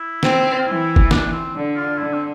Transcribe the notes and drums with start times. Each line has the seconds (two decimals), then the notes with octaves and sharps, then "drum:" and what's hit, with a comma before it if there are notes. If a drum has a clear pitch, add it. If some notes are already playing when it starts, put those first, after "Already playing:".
Already playing: E4
0.23 C4, drum: snare
0.60 F4
0.67 E3 E4
0.96 drum: kick
1.11 D4, drum: snare
1.33 C4
1.55 D3
1.76 F4
1.98 D3 E4
2.13 C4